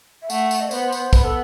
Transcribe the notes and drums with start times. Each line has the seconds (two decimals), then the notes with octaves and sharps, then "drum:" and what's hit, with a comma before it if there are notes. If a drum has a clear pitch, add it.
0.22 E5
0.30 A3 F#5, drum: tambourine
0.51 drum: tambourine
0.60 D#5
0.71 B3 C5, drum: tambourine
0.92 drum: tambourine
1.13 B3 B4, drum: kick, tambourine
1.24 A4